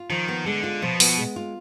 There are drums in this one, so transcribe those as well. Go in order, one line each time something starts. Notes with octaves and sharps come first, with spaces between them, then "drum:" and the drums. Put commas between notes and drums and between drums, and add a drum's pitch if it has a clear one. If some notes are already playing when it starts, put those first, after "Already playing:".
Already playing: F4
D#3 F3
B3
D3 G#3
F4
B2 F3
B3, drum: open hi-hat
G#3
F4